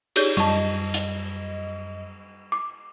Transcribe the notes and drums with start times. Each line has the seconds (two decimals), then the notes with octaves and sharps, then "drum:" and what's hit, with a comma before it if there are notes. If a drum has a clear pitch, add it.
0.16 G4 G#4 C#5 D5 G6 G7, drum: cymbal
0.37 F#2 G3 D#5 A5 C#6, drum: hi-hat
0.94 drum: hi-hat
2.52 D6